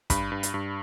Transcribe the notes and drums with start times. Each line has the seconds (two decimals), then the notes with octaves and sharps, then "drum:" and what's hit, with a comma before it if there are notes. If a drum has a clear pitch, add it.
0.10 G2 B5, drum: kick, hi-hat
0.32 G2
0.43 drum: hi-hat
0.54 G2